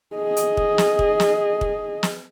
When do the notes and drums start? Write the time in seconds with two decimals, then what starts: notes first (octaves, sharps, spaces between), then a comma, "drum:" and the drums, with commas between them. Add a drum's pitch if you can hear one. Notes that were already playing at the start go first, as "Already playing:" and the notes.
0.16 G#4 D#5
0.37 drum: hi-hat
0.57 drum: kick
0.78 drum: snare
0.99 drum: kick
1.20 drum: snare
1.61 drum: kick
2.03 drum: snare